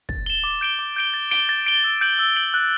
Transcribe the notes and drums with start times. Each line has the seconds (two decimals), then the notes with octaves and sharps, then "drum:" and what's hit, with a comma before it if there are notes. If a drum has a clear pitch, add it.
0.09 A6, drum: kick
0.26 E7 G7
0.44 D6
0.61 G6 D7 G7
0.79 D6
0.96 G6 D7 G7
1.14 A6
1.31 D7 G7, drum: hi-hat
1.49 A6
1.66 D7 G7
1.84 E6
2.01 G6 D7 F#7
2.19 E6
2.36 G6 D7 F#7
2.54 F#6